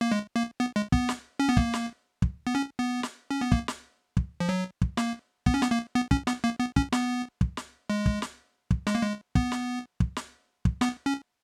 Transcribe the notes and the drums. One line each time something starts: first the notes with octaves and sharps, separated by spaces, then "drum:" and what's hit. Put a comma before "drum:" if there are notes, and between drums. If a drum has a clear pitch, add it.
A#3
G#3
A#3
B3
G#3
B3, drum: kick
drum: snare
C#4
B3
A#3, drum: kick
drum: snare
drum: kick
B3
C#4
B3
drum: snare
C#4
B3
A#3, drum: kick
drum: snare
drum: kick
F3
F#3
drum: kick
A#3, drum: snare
B3, drum: kick
C#4
B3, drum: snare
A#3
B3
C#4, drum: kick
B3, drum: snare
A#3
B3
C#4, drum: kick
B3, drum: snare
drum: kick
drum: snare
G#3
drum: kick
drum: snare
drum: kick
G#3, drum: snare
A#3
G#3
B3, drum: kick
drum: snare
drum: kick
drum: snare
drum: kick
B3, drum: snare
C#4